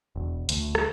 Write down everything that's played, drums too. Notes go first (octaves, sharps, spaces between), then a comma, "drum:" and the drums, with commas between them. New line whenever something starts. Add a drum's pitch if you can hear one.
E1
D2, drum: hi-hat
drum: rim click